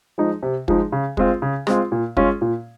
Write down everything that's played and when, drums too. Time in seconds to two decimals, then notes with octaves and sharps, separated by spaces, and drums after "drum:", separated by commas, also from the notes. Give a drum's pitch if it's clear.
0.18 F3 G#3 D#4
0.43 C3
0.68 F3 G#3 D#4, drum: kick
0.92 C#3
1.17 G#3 C4 F4, drum: kick
1.42 C#3
1.67 G#3 C4 F4, drum: rim click
1.92 A#2
2.17 G#3 C#4 F4, drum: kick
2.41 A#2